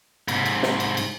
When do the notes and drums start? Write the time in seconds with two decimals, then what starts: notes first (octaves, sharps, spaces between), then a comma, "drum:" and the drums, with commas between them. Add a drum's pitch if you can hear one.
0.28 G#2 C3, drum: cymbal
0.46 drum: cymbal
0.63 drum: snare
0.80 drum: cymbal
0.97 drum: cymbal